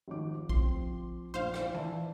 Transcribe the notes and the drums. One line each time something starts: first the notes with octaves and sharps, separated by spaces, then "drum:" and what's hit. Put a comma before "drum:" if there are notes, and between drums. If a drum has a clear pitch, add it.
G#1 F3 D6
F3 C4 C6, drum: kick A#1
A#1 C5 F5
drum: rim click
E3 D5 E5 A5